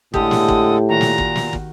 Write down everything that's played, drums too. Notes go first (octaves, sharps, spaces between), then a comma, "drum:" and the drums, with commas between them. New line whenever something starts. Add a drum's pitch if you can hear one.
A2 D3 G#3 G4 A4 D#6, drum: kick
drum: snare
drum: kick
A#2 D#3 F#4 A#5
drum: snare
drum: kick
drum: snare
drum: kick